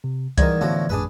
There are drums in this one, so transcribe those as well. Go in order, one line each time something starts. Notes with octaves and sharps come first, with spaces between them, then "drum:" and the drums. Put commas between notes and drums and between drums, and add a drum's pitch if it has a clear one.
C3
G#2 D#3 E3 G3 D5 G#6, drum: kick C2, hi-hat
A2 D3 F3 B3 F#4
G#1 F2 A2 D4 G#4 B4